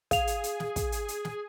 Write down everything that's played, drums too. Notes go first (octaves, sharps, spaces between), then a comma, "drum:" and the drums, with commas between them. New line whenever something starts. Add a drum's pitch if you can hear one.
G#4 F5 F7, drum: kick, hi-hat
drum: hi-hat
drum: hi-hat
drum: snare
drum: kick, hi-hat
drum: hi-hat
drum: hi-hat
drum: snare